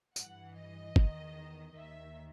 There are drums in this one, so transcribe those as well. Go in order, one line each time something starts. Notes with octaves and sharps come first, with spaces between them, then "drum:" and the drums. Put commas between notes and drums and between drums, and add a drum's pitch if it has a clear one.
G2 E3 F#5, drum: tambourine
D#5
E2 D#3, drum: kick
D#2 D#3 E5